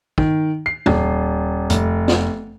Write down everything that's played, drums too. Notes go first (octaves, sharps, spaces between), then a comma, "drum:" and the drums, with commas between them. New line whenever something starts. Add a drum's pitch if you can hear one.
D#3, drum: kick
C7
D#1, drum: tom F2
F1, drum: hi-hat
drum: snare